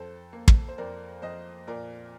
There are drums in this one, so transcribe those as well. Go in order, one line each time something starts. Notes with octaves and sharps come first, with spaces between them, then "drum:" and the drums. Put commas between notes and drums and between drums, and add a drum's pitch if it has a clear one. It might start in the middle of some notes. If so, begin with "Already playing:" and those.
Already playing: F2 A4 C5
A#3
drum: kick
C5
F2 A#4 D5
F2 C5 D#5
A#2 A#4 D5